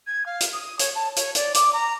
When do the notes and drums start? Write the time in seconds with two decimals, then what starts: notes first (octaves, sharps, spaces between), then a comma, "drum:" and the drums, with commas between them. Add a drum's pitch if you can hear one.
0.07 G#6
0.26 F5
0.40 drum: hi-hat
0.53 D#6
0.79 C#5, drum: hi-hat
0.95 A5
1.16 C#5, drum: hi-hat
1.35 D5, drum: hi-hat
1.54 D6, drum: hi-hat
1.73 A#5